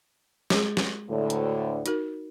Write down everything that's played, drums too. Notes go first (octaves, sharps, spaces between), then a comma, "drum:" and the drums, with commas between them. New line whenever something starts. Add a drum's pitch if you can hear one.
G#3 G#4, drum: snare
drum: snare
D2 A2 D3
drum: hi-hat
D#4 F#4 A#4, drum: hi-hat